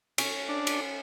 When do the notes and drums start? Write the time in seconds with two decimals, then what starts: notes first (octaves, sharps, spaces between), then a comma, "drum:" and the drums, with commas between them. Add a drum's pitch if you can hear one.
0.18 C#4, drum: cymbal
0.49 D4
0.67 drum: cymbal